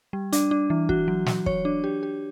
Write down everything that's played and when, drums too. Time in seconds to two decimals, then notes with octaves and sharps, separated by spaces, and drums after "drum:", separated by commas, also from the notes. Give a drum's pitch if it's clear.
0.13 G3
0.32 D4, drum: hi-hat
0.51 D4
0.70 E3
0.89 F#4, drum: kick
1.08 F#3
1.26 F#3, drum: snare
1.46 C#5, drum: kick
1.65 D4
1.84 G4
2.03 G4